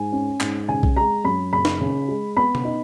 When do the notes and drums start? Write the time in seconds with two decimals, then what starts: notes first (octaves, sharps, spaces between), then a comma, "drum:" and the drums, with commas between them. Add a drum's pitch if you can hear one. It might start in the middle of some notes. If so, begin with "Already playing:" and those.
Already playing: G#2 G#5
0.12 C#4
0.41 G#2, drum: clap
0.68 C#3 G#5
0.83 drum: kick B1
0.97 G#3 A#5
1.25 F#2 B5
1.53 F#1 B5
1.65 drum: snare
1.81 C#3
2.08 G#3
2.37 B3 B5
2.55 drum: tom B2
2.65 D#4